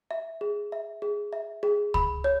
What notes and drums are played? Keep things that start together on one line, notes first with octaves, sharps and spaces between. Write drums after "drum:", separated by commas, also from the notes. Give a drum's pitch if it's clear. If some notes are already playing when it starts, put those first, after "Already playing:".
E5
G#4
E5
G#4
E5
G#4
B5, drum: kick
C#5